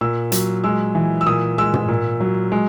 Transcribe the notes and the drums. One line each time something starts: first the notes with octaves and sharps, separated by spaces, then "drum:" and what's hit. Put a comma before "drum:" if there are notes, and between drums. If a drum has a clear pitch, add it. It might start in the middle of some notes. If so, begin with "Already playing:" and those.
A#2 E6
F#3, drum: hi-hat
G#3 E6
E3
E6
A#2 D#6
G#3 E6
drum: tom
A#2
F#3
G#3